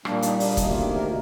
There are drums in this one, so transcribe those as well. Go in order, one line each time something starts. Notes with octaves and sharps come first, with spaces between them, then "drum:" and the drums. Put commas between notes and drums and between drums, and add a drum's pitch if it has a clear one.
A#2 G3 A#3 D4, drum: rim click
D#4, drum: hi-hat
D4, drum: open hi-hat
D2 C3 D#3 A#3 D#4, drum: kick, hi-hat
F4
A#4